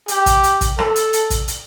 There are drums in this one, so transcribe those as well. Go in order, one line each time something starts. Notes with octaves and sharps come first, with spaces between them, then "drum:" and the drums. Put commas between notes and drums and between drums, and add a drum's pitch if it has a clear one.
G4, drum: hi-hat
drum: kick, hi-hat
drum: hi-hat
drum: kick, hi-hat
A4, drum: rim click
drum: hi-hat
drum: hi-hat
drum: kick, hi-hat
drum: hi-hat